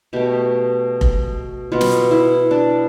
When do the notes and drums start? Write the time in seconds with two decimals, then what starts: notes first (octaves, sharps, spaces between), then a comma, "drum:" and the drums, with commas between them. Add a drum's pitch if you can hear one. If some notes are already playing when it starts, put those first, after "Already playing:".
0.13 B2 A3 G4
1.01 drum: kick F1
1.72 B2 B3 F4
1.81 drum: snare
2.11 E4
2.51 D4